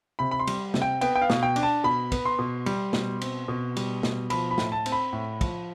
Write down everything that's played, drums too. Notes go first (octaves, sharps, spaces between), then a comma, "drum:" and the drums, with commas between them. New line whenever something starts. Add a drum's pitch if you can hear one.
C3 B5
B5
C6
G3, drum: cymbal
C3, drum: snare
G5
B3 G5, drum: cymbal
G5
F5
B2, drum: snare
G5
D4, drum: cymbal
A5
B2 B5
B3, drum: kick, cymbal
C6
B2
G3, drum: cymbal
B2, drum: snare
C4, drum: cymbal
B2
G3, drum: cymbal
B2, drum: snare
F3 B5, drum: cymbal
B5
A2, drum: snare
A5
C4, drum: cymbal
B5
A2
F3, drum: kick, cymbal